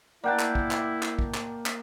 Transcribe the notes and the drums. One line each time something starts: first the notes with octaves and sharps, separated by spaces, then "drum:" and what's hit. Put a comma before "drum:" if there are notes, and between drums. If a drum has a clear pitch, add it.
A#3 E4 D5 F#5 G5 A5 F#6
drum: clap
drum: kick
drum: clap
drum: clap
drum: kick
drum: clap
drum: clap